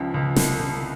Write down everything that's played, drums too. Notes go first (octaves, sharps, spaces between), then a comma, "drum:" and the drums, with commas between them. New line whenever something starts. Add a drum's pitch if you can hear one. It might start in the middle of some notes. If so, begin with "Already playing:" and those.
Already playing: C#2 C#3 F3
C#2
C2, drum: snare
C2